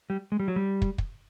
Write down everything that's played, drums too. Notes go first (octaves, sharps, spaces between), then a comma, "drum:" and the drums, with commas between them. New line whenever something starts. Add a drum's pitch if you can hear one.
G3
G#3
G3
F#3
G3
drum: kick
drum: kick